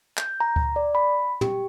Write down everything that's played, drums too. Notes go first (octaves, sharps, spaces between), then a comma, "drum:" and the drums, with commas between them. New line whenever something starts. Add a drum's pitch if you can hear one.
G6, drum: clap
A#5
drum: kick D2
D5
B5
G4, drum: tom